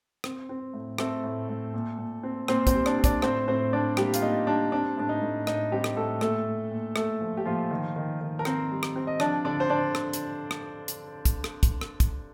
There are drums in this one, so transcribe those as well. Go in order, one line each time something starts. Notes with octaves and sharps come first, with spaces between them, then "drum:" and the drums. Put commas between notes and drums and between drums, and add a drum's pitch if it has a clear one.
C4, drum: rim click
C4
A2
A3 C4 A4, drum: rim click
A2
A2
A#2
A#2
C4
A#2 C4 C5, drum: rim click
C4 C5, drum: kick, hi-hat
G3
D4 D5, drum: rim click
C4
D4 D5, drum: kick, hi-hat
A2 C4 C5, drum: rim click
A2 C4 C5
A2 D4 D5
G3 A#3 G4, drum: rim click
F4, drum: hi-hat
A#3 D#4
G3 D4
C4 D4
A2 D4
D#4
A2
A2 D#4, drum: rim click
G3 C4 G4
drum: rim click
A2 A3 A4
A#2 A3 A4, drum: rim click
A#2
A#2
A3 A4, drum: rim click
F3
G4
A#2 F3 F4
D#3
D#3
D#3
A#4
C4 C5, drum: rim click
G3
drum: rim click
C4
D#5
F3 D4 D5, drum: rim click
D3 D4 D5
C5
D3 D4 D5
drum: rim click
drum: hi-hat
drum: rim click
drum: hi-hat
drum: kick, hi-hat
drum: rim click
drum: kick, hi-hat
drum: rim click
drum: kick, hi-hat